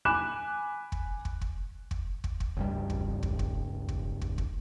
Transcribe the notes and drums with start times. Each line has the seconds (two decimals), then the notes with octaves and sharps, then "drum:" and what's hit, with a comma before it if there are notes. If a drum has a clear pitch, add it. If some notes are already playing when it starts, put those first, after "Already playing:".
0.05 G#5 B5 D6 F#6 E7
0.92 drum: kick
1.25 drum: kick
1.41 drum: kick
1.91 drum: kick
2.24 drum: kick
2.40 drum: kick
2.57 C#2 G2 G3
2.90 drum: kick
3.23 drum: kick
3.39 drum: kick
3.89 drum: kick
4.22 drum: kick
4.38 drum: kick